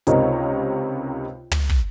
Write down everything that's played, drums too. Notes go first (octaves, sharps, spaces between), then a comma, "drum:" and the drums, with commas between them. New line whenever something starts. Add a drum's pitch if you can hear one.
C#2 C3 D#4 A#4 C#5 D#5, drum: hi-hat
drum: tom
drum: kick